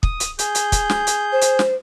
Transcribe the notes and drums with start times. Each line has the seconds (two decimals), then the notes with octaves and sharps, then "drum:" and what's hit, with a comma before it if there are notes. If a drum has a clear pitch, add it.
0.03 D#6, drum: kick
0.20 drum: hi-hat
0.39 G#4 G6, drum: hi-hat
0.55 drum: hi-hat
0.72 drum: kick, hi-hat
0.90 drum: snare
1.07 drum: hi-hat
1.32 C5
1.42 drum: hi-hat
1.59 drum: snare